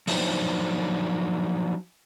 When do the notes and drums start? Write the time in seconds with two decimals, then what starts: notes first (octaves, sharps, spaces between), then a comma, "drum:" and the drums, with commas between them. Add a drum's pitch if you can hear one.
0.07 F3 F#3 D4 D#4 C5, drum: open hi-hat